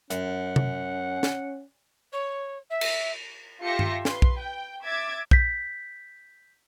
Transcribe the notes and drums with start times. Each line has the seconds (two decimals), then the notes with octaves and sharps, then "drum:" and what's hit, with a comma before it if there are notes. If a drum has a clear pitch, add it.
0.11 F#2 C#4 F#5, drum: hi-hat
0.56 drum: tom C3
1.23 drum: snare
2.12 C#5
2.70 E5
2.81 drum: cymbal
3.61 F4 G4 A4 E5 A#6 C#7
3.79 drum: tom G2
4.05 B4 C6, drum: snare
4.22 drum: kick B1
4.39 G5
4.85 E5 D6 G#6 A6
5.31 G6 B6, drum: kick B1